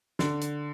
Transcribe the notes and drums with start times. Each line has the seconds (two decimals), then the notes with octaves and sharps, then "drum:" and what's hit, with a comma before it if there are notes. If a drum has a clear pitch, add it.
0.19 D3, drum: snare
0.41 drum: hi-hat